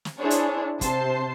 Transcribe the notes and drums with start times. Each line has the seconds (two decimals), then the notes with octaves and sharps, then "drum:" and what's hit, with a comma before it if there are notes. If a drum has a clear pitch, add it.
0.05 drum: snare
0.19 D4 E4 G#4 C5 C#5
0.30 drum: hi-hat
0.81 C3 C5 A5 C7, drum: kick, hi-hat